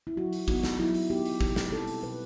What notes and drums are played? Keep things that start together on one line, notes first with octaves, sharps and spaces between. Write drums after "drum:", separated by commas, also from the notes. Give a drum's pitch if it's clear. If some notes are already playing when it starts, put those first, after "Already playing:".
E4
F#3 F#4
drum: open hi-hat
B3 D#4 F#4, drum: kick
drum: snare
F#3 E4
drum: open hi-hat
B3 D#4 G4
drum: open hi-hat
B2 G4, drum: kick
drum: snare
G3 C4 E4 A4
drum: open hi-hat
B2 B4